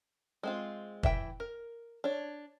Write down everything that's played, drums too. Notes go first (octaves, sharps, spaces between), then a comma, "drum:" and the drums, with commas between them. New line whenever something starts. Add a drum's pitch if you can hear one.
G#3 C4 F4
E3 E5 G5 B5, drum: kick
A#4
D4 C#5